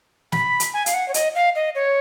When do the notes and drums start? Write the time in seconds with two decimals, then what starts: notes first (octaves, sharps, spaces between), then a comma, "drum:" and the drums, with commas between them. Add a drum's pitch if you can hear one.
0.32 B5, drum: snare
0.60 drum: hi-hat
0.74 G#5
0.86 F5, drum: hi-hat
0.94 F#5
1.08 C#5
1.14 D#5, drum: hi-hat
1.35 F5
1.55 D#5
1.75 C#5